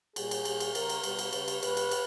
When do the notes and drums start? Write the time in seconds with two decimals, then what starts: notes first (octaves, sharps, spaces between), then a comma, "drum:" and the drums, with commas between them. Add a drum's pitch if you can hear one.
0.16 A#2 G3 G#4, drum: cymbal
0.31 drum: cymbal
0.45 A#2 G3, drum: cymbal
0.60 drum: cymbal
0.75 C#3 G3 A#4, drum: cymbal
0.90 drum: cymbal
1.03 B2 G3 B4, drum: cymbal
1.19 drum: cymbal
1.33 C#3 G3, drum: cymbal
1.48 drum: cymbal
1.63 A#2 G3 B4, drum: cymbal
1.77 drum: cymbal
1.91 drum: cymbal